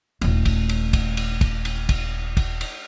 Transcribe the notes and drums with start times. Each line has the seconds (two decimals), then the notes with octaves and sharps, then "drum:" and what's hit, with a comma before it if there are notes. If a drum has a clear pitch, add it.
0.21 D#1 A3, drum: cymbal
0.45 drum: kick, cymbal
0.69 drum: cymbal
0.93 drum: kick, cymbal
1.17 drum: cymbal
1.41 drum: kick, cymbal
1.65 drum: cymbal
1.89 drum: kick, cymbal
2.37 drum: kick, cymbal
2.61 drum: cymbal